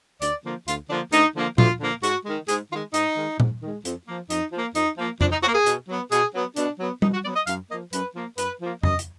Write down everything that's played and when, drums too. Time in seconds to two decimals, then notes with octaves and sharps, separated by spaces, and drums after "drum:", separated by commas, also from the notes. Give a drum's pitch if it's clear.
0.22 D2 D5, drum: hi-hat
0.45 D3 F3 A#3
0.68 D2 F4, drum: hi-hat
0.90 D3 F3 A#3 D4
1.13 D2 D#4, drum: hi-hat
1.36 D3 F3 A#3
1.58 D2 F4, drum: tom A#2
1.81 D3 F3 A#3
2.03 G#2 F#4, drum: hi-hat
2.26 D#3 G#3
2.48 G#2 G#4, drum: hi-hat
2.71 D#3 G#3 F4
2.94 G#2 D#4, drum: hi-hat
3.17 D#3 G#3
3.40 G#2, drum: tom A#2
3.62 D#3 G#3
3.85 F2, drum: hi-hat
4.08 F3 A#3
4.30 F2 D#4, drum: hi-hat
4.52 F3 A#3
4.75 F2 D#4, drum: hi-hat
4.98 F3 A#3
5.21 F2 D4, drum: tom F2
5.32 D#4
5.43 F3 F#4
5.48 A#3
5.55 G#4
5.66 B2, drum: hi-hat
5.89 F#3 B3
6.12 B2 G#4, drum: hi-hat
6.35 F#3 B3
6.56 B2 D4, drum: hi-hat
6.80 F#3 B3
7.02 B2 D#4, drum: tom G3
7.14 F#4
7.25 F#3 B3 D5
7.36 D#5
7.47 F#2 F5, drum: hi-hat
7.70 F3 A#3 D#5
7.93 F#2 B4, drum: hi-hat
8.15 F3 A#3
8.38 F#2 B4, drum: hi-hat
8.62 F3 A#3
8.83 F#2 D#5, drum: tom F2
8.99 drum: hi-hat